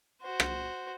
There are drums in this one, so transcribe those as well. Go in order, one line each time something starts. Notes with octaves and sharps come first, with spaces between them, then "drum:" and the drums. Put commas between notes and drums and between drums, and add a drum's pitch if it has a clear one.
F#4 C5
drum: rim click